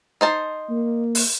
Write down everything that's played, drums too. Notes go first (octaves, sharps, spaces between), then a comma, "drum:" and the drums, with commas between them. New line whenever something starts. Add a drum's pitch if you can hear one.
D#4 C5 A5
A#3
drum: open hi-hat